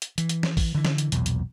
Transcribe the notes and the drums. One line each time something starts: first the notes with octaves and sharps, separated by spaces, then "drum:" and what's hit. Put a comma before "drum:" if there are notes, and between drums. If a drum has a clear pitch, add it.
drum: hi-hat
E3, drum: hi-hat
drum: hi-hat
drum: snare
drum: kick B1, open hi-hat
D3 E3
drum: snare
drum: hi-hat
B1 E2 A#2, drum: hi-hat
drum: hi-hat